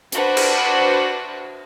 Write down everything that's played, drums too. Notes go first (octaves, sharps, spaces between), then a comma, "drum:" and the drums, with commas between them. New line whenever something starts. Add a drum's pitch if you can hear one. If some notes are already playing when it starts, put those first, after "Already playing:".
D4 F#4 B4 C5, drum: hi-hat
drum: cymbal